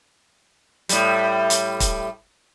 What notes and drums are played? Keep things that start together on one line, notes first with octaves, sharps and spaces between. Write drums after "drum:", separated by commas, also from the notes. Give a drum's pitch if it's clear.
A2 G3, drum: hi-hat
drum: hi-hat
drum: kick, hi-hat